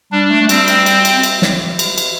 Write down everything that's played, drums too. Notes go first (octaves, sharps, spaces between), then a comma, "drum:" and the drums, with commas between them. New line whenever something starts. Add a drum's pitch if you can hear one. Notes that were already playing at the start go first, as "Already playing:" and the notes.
G3 D4
A3
A3
G3 C4, drum: cymbal
drum: cymbal
drum: cymbal
drum: cymbal
drum: cymbal
drum: snare
drum: cymbal
drum: cymbal